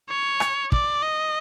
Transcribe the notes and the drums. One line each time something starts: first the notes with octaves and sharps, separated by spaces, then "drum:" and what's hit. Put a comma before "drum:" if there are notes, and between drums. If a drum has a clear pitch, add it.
C#5
drum: rim click
D5, drum: kick
D#5